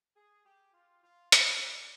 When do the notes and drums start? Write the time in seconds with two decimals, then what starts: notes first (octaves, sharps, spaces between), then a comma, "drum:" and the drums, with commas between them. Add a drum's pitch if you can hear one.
0.17 G#4
0.46 G4
0.74 F4
1.04 F4
1.32 C5, drum: hi-hat
1.61 D5